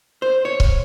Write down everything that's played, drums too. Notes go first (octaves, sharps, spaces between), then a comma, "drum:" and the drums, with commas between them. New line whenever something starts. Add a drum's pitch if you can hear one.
C5
C#5
drum: kick C#1